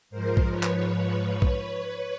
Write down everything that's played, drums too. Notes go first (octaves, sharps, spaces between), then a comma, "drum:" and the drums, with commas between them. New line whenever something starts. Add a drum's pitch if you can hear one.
G#2 F3 A#4 C5
drum: kick B1
B4 C#5
drum: clap
drum: kick B1